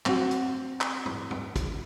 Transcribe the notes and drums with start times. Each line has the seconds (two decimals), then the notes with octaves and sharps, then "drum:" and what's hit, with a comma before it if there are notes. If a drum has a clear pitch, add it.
0.06 C4 F#4, drum: clap
0.31 drum: hi-hat
0.81 drum: clap
1.06 drum: tom
1.31 drum: tom
1.56 drum: kick, hi-hat